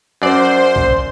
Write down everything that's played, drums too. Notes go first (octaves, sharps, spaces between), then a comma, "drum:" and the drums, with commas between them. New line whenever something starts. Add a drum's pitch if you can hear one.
F#2 C5 D5 C6
drum: kick